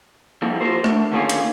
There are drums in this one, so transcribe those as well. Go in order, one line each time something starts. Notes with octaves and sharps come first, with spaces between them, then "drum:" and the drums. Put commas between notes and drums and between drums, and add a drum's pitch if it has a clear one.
F3 G3 A#3 E4
F4 G4 A4 A#4 C5
A3 D4 A#4, drum: rim click
D3 D#3 A#3 C#4 F4 G#4
drum: hi-hat